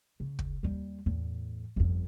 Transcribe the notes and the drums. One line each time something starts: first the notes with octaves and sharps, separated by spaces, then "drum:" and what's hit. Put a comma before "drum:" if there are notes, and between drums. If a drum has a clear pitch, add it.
C#3
drum: kick
D#2 G3
E2 A2
G1 F2